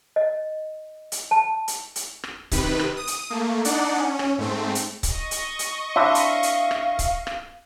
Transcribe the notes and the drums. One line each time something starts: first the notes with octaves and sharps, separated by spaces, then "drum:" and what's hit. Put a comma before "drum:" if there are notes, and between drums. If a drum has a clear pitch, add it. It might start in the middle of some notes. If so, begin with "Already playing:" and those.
D#5
drum: hi-hat
A5
drum: hi-hat
drum: hi-hat
drum: rim click
C3 D#3 B4, drum: kick C#1, hi-hat
drum: rim click
D#6
drum: hi-hat
A3 A#3
D4 D#4 D5 F#5, drum: hi-hat
C#4
drum: rim click
G#2 A3 C4
drum: hi-hat
drum: kick C#1, hi-hat
D#5 C#6
drum: hi-hat
drum: hi-hat
C4 D4 E4 E5 F5
drum: hi-hat
drum: hi-hat
drum: rim click
drum: kick C#1, hi-hat
drum: rim click